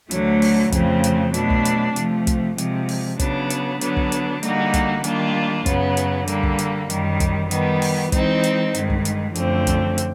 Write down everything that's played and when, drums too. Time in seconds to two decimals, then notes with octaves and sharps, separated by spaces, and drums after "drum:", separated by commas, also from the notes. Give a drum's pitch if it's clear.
0.11 D2 D3 F#3 A3, drum: hi-hat
0.42 drum: open hi-hat
0.72 F2 C#3 F3 A3 C4, drum: kick, hi-hat
1.04 drum: hi-hat
1.34 B2 F#3 A3 D4, drum: hi-hat
1.50 drum: kick
1.65 drum: hi-hat
1.96 C3 F3 A3, drum: hi-hat
2.27 drum: kick, hi-hat
2.58 C3 F3 G#3, drum: hi-hat
2.89 drum: open hi-hat
3.19 C#3 F#3 B3 D4, drum: kick, hi-hat
3.50 drum: hi-hat
3.81 D3 F#3 B3 D4, drum: hi-hat
3.97 drum: kick
4.12 drum: hi-hat
4.43 D3 G3 A#3 D#4 F#4, drum: hi-hat
4.74 drum: kick, hi-hat
5.04 D#3 G3 A#3 D4 F4, drum: hi-hat
5.66 F#2 C#3 F#3 B3, drum: kick, hi-hat
5.97 drum: hi-hat
6.28 D3 G3 A#3, drum: hi-hat
6.43 drum: kick
6.59 drum: hi-hat
6.90 F#2 D#3 G3, drum: hi-hat
7.20 drum: kick, hi-hat
7.51 D#3 G3 B3, drum: hi-hat
7.82 drum: open hi-hat
8.12 E3 G#3 C4 D#4, drum: kick, hi-hat
8.44 drum: hi-hat
8.75 G2 D#3 G#3, drum: hi-hat
8.90 drum: kick
9.05 drum: hi-hat
9.35 F#2 D3 F3 A3 C4, drum: hi-hat
9.67 drum: kick, hi-hat
9.98 drum: hi-hat